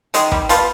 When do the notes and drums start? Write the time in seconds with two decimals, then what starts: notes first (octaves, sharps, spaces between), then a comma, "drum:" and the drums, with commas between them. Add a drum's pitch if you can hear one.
0.14 D#3 G#3 G#4, drum: hi-hat
0.32 G3 G4, drum: kick
0.49 F3 G3 B3 F4, drum: hi-hat